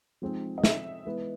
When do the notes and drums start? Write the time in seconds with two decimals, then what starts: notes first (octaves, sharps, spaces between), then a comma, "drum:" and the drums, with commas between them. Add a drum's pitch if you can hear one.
0.22 F3 G#3 C4 D#4
0.58 D#5
0.64 E5, drum: snare
1.05 E3 G#3 B3